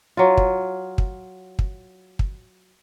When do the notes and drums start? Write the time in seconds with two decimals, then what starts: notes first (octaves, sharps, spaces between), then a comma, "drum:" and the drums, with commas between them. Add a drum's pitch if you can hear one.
0.17 F#3 F4
0.37 drum: kick
0.98 drum: kick
1.59 drum: kick
2.19 drum: kick